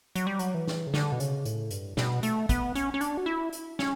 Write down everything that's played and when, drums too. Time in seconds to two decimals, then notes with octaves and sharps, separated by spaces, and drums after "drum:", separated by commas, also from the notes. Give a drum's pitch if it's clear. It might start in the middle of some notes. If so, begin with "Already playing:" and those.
0.15 F#3, drum: hi-hat
0.27 G3
0.39 F#3, drum: hi-hat
0.54 E3
0.68 drum: snare
0.87 C#3
0.94 D3, drum: snare
1.12 B2
1.20 C#3, drum: hi-hat
1.45 A2, drum: hi-hat
1.71 G2, drum: hi-hat
1.97 B2, drum: snare
2.23 A3, drum: hi-hat
2.49 B3, drum: kick, hi-hat
2.75 C#4, drum: hi-hat
2.94 C#4
3.01 D4, drum: hi-hat
3.17 F#4
3.26 E4
3.53 drum: hi-hat
3.79 C#4, drum: snare